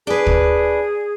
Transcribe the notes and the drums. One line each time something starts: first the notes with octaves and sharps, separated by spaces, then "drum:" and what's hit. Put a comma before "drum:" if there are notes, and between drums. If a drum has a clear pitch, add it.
D4 G#4 B4
drum: kick